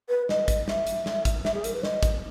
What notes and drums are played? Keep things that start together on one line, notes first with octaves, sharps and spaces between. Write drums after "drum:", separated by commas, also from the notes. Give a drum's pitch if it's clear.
B4
D#5, drum: snare
drum: kick, hi-hat
E5, drum: snare
drum: hi-hat
drum: snare
drum: kick, hi-hat
E5, drum: snare
G#4
A#4, drum: hi-hat
B4
D#5, drum: snare
drum: kick, hi-hat